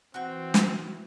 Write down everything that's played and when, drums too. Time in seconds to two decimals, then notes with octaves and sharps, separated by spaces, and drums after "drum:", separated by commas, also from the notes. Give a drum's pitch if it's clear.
0.14 E3 C4 F#4 G5
0.54 drum: snare